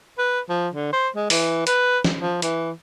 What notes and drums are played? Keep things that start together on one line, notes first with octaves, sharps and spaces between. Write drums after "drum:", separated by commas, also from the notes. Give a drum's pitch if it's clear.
B4
F3
D3
C5
G#3
E3, drum: open hi-hat
B4, drum: hi-hat
drum: snare
F3
E3, drum: hi-hat